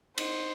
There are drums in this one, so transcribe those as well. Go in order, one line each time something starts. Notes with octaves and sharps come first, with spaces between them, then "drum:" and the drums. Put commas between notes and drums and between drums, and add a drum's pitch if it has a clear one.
D#4 C5, drum: cymbal